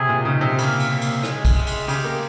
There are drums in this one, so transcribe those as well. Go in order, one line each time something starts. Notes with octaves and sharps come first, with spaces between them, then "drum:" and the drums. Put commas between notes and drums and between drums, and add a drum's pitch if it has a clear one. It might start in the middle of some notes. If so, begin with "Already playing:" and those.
Already playing: C3 G#4
A#2
C#3 D#4
C3
C#3 A#3, drum: cymbal
drum: cymbal
A#3
drum: cymbal
G#3, drum: rim click
drum: kick, cymbal
G#3
drum: cymbal
C#3 G4, drum: cymbal
A#3